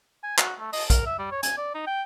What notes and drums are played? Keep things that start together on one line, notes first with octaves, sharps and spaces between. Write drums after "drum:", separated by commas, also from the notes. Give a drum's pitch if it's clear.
G#5
F#4, drum: clap
A3
D#5, drum: open hi-hat
A#4, drum: kick A#1, hi-hat
E5
G3
C#5
G#5, drum: hi-hat
D5
D#4
G5